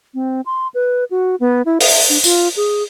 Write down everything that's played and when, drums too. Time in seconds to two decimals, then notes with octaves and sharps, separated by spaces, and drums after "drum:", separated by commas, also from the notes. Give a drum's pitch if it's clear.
0.14 C4
0.46 C6
0.74 B4
1.11 F#4
1.40 B3
1.65 E4
1.81 E5, drum: open hi-hat
2.09 D4
2.24 F4, drum: tambourine
2.56 G#4